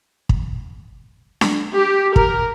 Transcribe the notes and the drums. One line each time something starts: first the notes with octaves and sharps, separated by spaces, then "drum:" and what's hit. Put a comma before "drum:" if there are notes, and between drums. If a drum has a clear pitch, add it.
drum: kick
drum: snare D4
G4
A#4, drum: kick